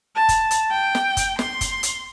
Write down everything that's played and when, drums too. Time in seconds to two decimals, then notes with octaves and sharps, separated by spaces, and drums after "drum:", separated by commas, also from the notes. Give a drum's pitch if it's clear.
0.15 A5
0.29 drum: kick, hi-hat
0.51 drum: hi-hat
0.71 G5
0.95 drum: snare
1.17 drum: kick, hi-hat
1.39 C6, drum: snare
1.61 drum: kick, hi-hat
1.83 drum: hi-hat